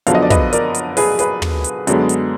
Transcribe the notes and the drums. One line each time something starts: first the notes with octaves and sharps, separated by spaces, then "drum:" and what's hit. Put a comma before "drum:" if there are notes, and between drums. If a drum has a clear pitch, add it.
F#2 D3 F3 B3 F5, drum: hi-hat
D#5
D5
B4 D#5, drum: kick, hi-hat
A#4 D5, drum: hi-hat
drum: hi-hat
G#4 B4, drum: open hi-hat
G#4 B4, drum: hi-hat
drum: tom
drum: hi-hat
F#2 D3 G#3 B3, drum: hi-hat
drum: hi-hat